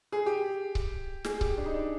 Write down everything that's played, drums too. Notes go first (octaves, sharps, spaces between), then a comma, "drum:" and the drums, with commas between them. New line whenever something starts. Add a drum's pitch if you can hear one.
G#4
G4
drum: kick C#1
G#4, drum: snare
G4, drum: kick C#1
D4
D#4
D4